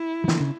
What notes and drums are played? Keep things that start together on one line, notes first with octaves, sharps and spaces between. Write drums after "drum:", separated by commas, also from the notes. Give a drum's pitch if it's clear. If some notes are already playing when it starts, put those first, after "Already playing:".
Already playing: E4
F3
D3 E3, drum: snare
C#3